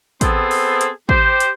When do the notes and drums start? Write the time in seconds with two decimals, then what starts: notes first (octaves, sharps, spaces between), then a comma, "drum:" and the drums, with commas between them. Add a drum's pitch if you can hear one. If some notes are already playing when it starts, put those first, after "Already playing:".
0.21 B3 C4 G#4 A4 C5, drum: kick A1, hi-hat
0.51 drum: open hi-hat
0.81 drum: hi-hat
1.09 G4 C5, drum: kick A1
1.40 drum: hi-hat